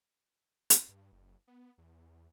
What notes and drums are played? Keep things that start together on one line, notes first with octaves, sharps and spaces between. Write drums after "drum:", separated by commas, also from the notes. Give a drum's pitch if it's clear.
drum: hi-hat
G2
F#1
B3
E2